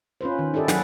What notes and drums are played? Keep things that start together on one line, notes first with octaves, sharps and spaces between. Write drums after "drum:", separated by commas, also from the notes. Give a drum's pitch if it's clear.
C#4 F4 B4 C5
D#3
E4 G4 A4 D5 D#5
F#3 G#4 A4 B4 F#5, drum: snare